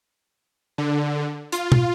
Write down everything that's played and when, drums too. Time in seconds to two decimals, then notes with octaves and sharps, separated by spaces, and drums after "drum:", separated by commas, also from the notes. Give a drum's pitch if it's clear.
0.78 D3
1.52 F4, drum: hi-hat
1.72 drum: tom B2